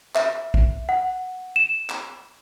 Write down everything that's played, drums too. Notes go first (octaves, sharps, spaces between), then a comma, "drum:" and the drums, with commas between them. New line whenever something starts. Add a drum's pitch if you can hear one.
E5, drum: clap
drum: kick A1
F#5
E7
drum: clap